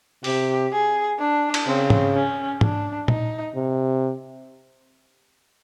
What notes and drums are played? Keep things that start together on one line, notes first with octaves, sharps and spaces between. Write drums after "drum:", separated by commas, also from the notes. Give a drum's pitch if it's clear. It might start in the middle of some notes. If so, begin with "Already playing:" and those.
C3 G4, drum: open hi-hat
G#4
D4
drum: cymbal
C#3 C4
drum: tom G#2
C#4
D4, drum: tom G#2
D#4, drum: tom A#2
C3